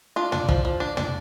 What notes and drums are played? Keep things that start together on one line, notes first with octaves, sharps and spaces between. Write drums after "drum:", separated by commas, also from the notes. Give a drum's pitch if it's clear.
D4 F4
D4, drum: tom
F3, drum: kick
F3
D4
D4, drum: tom